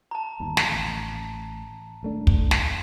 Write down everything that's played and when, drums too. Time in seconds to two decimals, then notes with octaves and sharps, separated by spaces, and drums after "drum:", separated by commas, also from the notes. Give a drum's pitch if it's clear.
0.11 A5 A#5
0.40 G1 D#2
0.57 drum: snare
0.68 A1
2.03 D#1 A3 D4
2.27 drum: kick
2.51 drum: snare